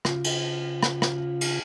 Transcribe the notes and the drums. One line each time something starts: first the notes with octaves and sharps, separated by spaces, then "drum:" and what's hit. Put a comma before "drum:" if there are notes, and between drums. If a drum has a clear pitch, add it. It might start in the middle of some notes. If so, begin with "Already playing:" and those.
C#3 F4, drum: rim click
drum: cymbal
drum: rim click
drum: rim click
drum: cymbal